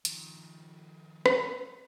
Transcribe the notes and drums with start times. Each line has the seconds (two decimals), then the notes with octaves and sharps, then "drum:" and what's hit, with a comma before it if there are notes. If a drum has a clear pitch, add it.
0.05 D#3 F3, drum: hi-hat
1.26 drum: rim click